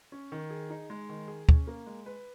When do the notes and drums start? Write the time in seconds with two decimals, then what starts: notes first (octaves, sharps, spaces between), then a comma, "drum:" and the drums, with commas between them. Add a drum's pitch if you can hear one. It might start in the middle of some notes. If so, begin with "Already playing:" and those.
0.12 C#4
0.32 D#3
0.50 G#4
0.70 D#4
0.90 G#3
1.09 D#3
1.28 G#4
1.49 C#4, drum: kick
1.67 A#3
1.87 G#3
2.06 B4